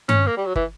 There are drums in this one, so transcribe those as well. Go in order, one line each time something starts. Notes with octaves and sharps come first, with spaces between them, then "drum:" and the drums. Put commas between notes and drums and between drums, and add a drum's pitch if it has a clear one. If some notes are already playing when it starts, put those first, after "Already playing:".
C#4, drum: tom G2
A#3
G3
F#3
E3, drum: kick